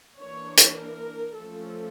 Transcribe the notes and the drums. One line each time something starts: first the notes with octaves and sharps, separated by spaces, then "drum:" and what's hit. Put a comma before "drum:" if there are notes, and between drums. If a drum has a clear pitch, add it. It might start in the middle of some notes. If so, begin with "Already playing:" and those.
E3 A#3 D4 C#5
drum: hi-hat
A#4
F3 A3 C#4 A4